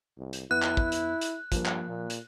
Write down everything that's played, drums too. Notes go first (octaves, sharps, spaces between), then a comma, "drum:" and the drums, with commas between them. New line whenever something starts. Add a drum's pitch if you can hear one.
C2
drum: hi-hat
F2 B3 E4 F#6
drum: clap
drum: kick
drum: hi-hat
drum: hi-hat
G2 F3 A#3, drum: kick, hi-hat
drum: clap
A#2
drum: hi-hat